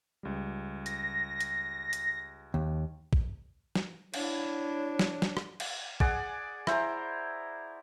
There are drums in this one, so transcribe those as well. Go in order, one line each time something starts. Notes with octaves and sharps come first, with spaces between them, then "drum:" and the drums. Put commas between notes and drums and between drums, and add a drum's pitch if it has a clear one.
C#2 G3
A#6, drum: hi-hat
drum: hi-hat
drum: hi-hat
D#2
drum: kick
drum: snare
D4 E4 C#5, drum: cymbal
drum: snare
drum: snare
drum: rim click
drum: cymbal
G#4 D5 F#5 G#5, drum: kick
E4 C5 G#5 A#5, drum: rim click